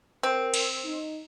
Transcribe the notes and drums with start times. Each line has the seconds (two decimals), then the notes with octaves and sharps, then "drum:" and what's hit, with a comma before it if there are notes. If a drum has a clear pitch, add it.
0.23 C4 A#4
0.54 drum: cymbal
0.84 D#4